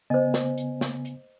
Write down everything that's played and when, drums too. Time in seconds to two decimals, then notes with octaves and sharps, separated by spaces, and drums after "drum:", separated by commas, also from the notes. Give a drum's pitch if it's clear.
0.10 C#3 B3 C5 D#5 G#5
0.34 drum: snare
0.58 drum: hi-hat
0.81 drum: snare
1.05 drum: hi-hat